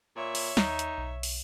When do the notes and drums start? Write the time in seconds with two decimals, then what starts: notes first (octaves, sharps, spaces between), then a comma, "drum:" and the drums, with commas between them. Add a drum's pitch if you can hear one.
0.16 A#2 C#5 E5
0.35 drum: open hi-hat
0.57 D#2 D#4, drum: snare
0.79 drum: hi-hat
0.98 B1
1.23 drum: open hi-hat